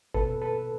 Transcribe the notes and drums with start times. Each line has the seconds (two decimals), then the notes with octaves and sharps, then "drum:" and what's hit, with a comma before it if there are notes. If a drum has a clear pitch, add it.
0.14 B2 A4 B4, drum: kick G#1
0.42 A4 B4